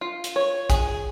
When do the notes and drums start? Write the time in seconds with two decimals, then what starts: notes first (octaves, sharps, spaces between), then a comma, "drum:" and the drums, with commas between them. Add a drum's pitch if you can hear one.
0.01 F4
0.24 drum: hi-hat
0.36 C#5
0.70 G#4, drum: kick A#1, hi-hat